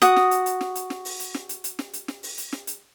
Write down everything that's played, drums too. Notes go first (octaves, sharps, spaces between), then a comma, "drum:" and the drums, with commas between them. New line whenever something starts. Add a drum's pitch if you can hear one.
F#4 D#6, drum: hi-hat
drum: snare
drum: hi-hat
drum: hi-hat
drum: snare
drum: hi-hat
drum: snare
drum: open hi-hat
drum: hi-hat
drum: snare
drum: hi-hat
drum: hi-hat
drum: snare
drum: hi-hat
drum: snare
drum: open hi-hat
drum: hi-hat
drum: snare
drum: hi-hat